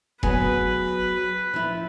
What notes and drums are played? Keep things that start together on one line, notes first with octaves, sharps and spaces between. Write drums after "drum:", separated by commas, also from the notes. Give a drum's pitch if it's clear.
F#3 B3 G#4 B4, drum: kick F1
F3 E4